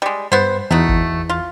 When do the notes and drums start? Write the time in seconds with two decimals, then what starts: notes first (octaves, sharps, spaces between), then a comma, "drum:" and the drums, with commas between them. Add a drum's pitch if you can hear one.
0.02 G3 G#3
0.32 G2 B3 C5
0.71 E2 A3 D#4 F#4
0.89 drum: kick G1
1.29 F4